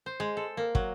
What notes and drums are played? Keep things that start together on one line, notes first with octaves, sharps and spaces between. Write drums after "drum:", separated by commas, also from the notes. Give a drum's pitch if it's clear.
C5
G#3
A4
A#3
F#3, drum: kick